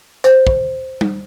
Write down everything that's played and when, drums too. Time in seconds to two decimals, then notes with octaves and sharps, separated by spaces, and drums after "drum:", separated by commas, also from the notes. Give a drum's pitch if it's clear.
0.24 C5, drum: hi-hat
0.47 drum: kick
1.01 drum: tom G3